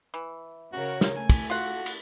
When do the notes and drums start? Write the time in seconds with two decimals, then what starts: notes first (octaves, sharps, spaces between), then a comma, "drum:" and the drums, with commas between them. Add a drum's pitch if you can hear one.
0.14 E3
0.73 C#3 F#4 A#4 C#5
1.01 drum: snare
1.16 A3 G#5
1.30 drum: kick, cymbal
1.50 F4 F#4 F#5
1.86 drum: cymbal